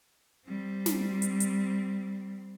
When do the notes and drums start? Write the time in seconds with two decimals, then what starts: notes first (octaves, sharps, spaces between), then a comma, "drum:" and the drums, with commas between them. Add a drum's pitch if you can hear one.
0.46 G3 C4
0.86 drum: snare
1.22 drum: hi-hat
1.40 drum: hi-hat